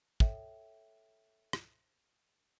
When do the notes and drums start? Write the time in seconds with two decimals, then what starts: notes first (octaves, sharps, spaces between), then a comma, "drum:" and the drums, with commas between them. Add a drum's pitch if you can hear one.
0.20 A4 C#5 E5 G5, drum: kick
1.53 drum: rim click